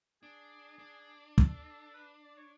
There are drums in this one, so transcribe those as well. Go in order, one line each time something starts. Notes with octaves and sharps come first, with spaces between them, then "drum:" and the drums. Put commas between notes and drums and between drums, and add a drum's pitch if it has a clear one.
D4 G#4
D4
A4, drum: kick
B4
D5
C#5